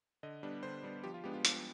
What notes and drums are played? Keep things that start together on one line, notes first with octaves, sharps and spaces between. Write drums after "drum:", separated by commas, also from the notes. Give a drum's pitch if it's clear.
D3 D#5
G3 B3 D4
D3 C5
G3 B3 D4
F3 G4
F4
G#3 B3 D4 G4
F4
F3, drum: hi-hat